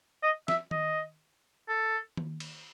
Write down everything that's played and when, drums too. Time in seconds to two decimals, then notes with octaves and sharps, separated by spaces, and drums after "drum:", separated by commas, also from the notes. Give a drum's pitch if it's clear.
0.23 D#5
0.48 E5, drum: snare
0.71 D#5, drum: tom D#3
1.68 A4
2.17 drum: tom D#3
2.40 drum: cymbal